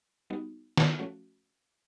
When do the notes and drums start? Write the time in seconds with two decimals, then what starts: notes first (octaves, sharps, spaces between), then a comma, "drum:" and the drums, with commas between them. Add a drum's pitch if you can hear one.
0.30 G3 B3 D#4 F#4
0.77 drum: snare
0.99 F3 A3 C#4 F#4